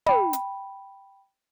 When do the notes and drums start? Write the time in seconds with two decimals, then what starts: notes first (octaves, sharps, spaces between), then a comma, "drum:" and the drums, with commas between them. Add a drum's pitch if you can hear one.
0.06 G5 B5, drum: tom
0.33 drum: hi-hat